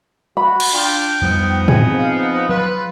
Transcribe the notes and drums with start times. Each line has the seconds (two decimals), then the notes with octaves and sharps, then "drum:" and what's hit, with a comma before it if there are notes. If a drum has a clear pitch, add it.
0.37 F#4 B5
0.60 drum: cymbal
0.73 D4 F4 G5
1.21 F2 F3 G3 B3 D#4
1.68 C4 G#4, drum: tom G#2
1.99 F5
2.49 F#3 F4 B4